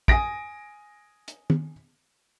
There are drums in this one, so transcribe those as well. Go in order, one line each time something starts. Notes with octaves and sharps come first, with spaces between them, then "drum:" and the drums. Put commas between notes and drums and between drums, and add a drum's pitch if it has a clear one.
G#5 D#6 A#6 D7, drum: kick
drum: hi-hat
drum: tom